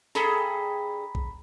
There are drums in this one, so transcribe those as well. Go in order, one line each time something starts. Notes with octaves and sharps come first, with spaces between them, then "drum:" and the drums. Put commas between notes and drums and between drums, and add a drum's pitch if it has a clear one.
G2 G#4 A4 A#5 B5 B6, drum: snare
drum: kick A#1